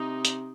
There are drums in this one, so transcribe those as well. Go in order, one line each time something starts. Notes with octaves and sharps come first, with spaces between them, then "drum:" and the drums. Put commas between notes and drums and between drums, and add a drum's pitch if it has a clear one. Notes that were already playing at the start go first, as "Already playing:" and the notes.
Already playing: C3 D#4
drum: hi-hat